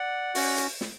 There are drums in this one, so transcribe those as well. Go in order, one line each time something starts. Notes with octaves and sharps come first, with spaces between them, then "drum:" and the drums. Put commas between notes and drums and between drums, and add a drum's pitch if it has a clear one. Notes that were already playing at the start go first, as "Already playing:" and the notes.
Already playing: D5 F#5
C#4 F#4, drum: open hi-hat
drum: hi-hat
drum: snare